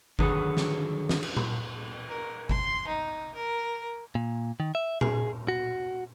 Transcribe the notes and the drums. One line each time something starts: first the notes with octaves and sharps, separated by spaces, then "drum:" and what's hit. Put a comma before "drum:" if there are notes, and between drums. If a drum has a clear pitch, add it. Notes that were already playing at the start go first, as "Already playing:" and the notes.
D3 D#3 F#3 F#4 G#4 B4, drum: kick G1
drum: snare
drum: snare
drum: cymbal
drum: tom A#2
A#4
C6, drum: kick G1
D#4
A#4
A#2
D#3
E5
G#4, drum: tom A#2
F#4